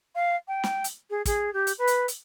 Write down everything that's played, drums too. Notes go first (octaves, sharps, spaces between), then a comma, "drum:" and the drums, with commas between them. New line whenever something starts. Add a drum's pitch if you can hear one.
F5
G5
drum: snare
drum: hi-hat
G#4
G#4, drum: kick, hi-hat
G4
drum: hi-hat
B4
drum: hi-hat
drum: hi-hat